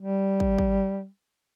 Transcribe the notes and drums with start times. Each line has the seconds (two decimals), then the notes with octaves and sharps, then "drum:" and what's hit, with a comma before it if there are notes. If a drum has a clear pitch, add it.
0.01 G3
0.40 drum: kick
0.58 drum: kick